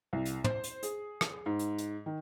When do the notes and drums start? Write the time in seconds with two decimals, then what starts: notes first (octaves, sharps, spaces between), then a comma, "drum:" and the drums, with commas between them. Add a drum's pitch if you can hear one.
0.13 C2
0.25 drum: hi-hat
0.44 C5, drum: tom
0.64 drum: hi-hat
0.83 G#4, drum: hi-hat
1.21 drum: rim click
1.46 G#2
1.59 drum: hi-hat
1.78 drum: hi-hat
2.06 D#3